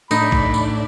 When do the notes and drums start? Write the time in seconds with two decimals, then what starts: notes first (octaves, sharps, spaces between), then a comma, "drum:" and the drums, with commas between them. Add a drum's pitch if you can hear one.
0.11 A2 D4 D#4 B5, drum: tambourine
0.32 drum: kick
0.54 drum: tambourine